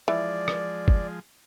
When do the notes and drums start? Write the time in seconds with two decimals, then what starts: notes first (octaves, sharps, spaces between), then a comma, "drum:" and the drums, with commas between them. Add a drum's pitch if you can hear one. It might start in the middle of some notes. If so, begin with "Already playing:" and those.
0.08 E3 F3 G#3 D5
0.48 drum: rim click
0.88 drum: kick